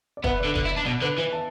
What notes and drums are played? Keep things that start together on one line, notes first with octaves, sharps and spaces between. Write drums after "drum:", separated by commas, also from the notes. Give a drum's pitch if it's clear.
D5
B3 B4 E5, drum: kick
D3 D5
D3, drum: kick
E4 E5
D5
D4
B2 D5
D3 B4
E3 B4 E5
E5 A5